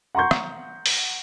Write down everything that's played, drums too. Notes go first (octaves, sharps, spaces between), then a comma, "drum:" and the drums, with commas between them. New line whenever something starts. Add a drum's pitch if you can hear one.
F#5 A#5 C6 C#6 G6
drum: rim click
drum: open hi-hat